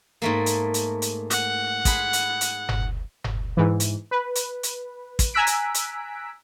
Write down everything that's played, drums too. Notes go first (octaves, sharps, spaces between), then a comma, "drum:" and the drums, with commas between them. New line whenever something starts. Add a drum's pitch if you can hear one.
G#2 A3 A#3
drum: hi-hat
drum: hi-hat
drum: hi-hat
F#5, drum: hi-hat
G#4 B5 C6, drum: kick, hi-hat
drum: hi-hat
drum: hi-hat
drum: tom F#1
drum: tom F#1
G#2 E3
drum: hi-hat
B4
drum: hi-hat
drum: hi-hat
drum: kick, hi-hat
G#5 A#5 E6 F#6 B6 D7
drum: hi-hat
drum: hi-hat